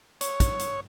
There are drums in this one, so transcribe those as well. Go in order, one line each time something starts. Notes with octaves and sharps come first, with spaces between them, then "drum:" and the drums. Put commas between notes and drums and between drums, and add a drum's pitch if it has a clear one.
C#5, drum: hi-hat
drum: kick, hi-hat
drum: hi-hat